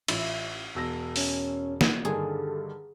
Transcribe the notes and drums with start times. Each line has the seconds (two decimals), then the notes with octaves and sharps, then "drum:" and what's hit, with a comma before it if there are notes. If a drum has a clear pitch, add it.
0.08 A1 E4 F4 E6, drum: cymbal
0.75 E1 E6 A#6
1.16 C#4, drum: open hi-hat
1.81 drum: snare
2.05 G2 D3 D#3 G#4 A4